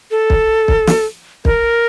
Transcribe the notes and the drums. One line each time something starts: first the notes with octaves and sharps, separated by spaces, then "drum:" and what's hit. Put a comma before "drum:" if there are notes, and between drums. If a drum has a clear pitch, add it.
A4
drum: kick
drum: kick
drum: snare
A#4, drum: kick